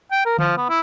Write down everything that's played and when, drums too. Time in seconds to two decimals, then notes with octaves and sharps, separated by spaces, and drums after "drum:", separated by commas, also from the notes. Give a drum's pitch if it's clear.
0.11 G5
0.25 A#4
0.39 F3, drum: tom D3
0.57 B3
0.69 E4